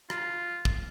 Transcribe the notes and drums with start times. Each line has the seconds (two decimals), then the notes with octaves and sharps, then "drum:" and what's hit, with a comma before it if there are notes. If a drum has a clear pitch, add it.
0.10 F4, drum: rim click
0.65 drum: kick